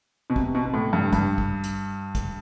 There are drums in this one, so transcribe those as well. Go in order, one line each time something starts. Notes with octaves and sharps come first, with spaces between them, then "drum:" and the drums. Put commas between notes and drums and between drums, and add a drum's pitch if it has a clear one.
B2
C3, drum: kick
B2
B2
A2
G2
G2, drum: kick, hi-hat
drum: kick
drum: hi-hat
drum: kick, hi-hat